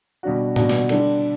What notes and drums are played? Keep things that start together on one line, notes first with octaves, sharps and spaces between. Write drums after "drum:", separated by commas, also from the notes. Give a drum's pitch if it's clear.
B2 G3 D4 F#4
B2 G3 D4 F#4, drum: tom A2
drum: snare
D3 G3 D4 A4 D5, drum: cymbal